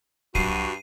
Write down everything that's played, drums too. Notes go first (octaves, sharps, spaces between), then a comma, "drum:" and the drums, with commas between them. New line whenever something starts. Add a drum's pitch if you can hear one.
C2 G2 F#3 F#4 C7 D#7, drum: kick